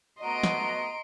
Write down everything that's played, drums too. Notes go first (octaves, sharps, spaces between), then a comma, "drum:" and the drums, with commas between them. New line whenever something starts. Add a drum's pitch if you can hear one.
A3 B3 F#4 D#5 A#5 C6 D7
drum: snare